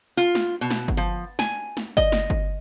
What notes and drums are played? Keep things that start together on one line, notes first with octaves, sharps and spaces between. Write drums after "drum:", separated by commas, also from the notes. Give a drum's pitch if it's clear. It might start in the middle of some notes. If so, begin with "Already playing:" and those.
F4
drum: snare
B2
drum: snare
drum: kick G1
F3
G#5, drum: snare
drum: snare
D#5, drum: kick G1
drum: snare
drum: kick G1